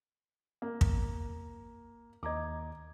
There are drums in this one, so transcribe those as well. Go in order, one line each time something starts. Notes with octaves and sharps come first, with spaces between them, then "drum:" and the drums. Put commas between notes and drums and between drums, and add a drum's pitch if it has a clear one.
A#3
drum: kick
D#2 D#5 A#5 D6 G#6